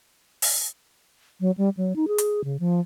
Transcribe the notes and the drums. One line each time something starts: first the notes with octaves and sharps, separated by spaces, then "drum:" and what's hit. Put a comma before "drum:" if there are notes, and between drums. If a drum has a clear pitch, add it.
drum: open hi-hat
F#3
G3
F#3
D#4
G#4
drum: hi-hat
C#3
F3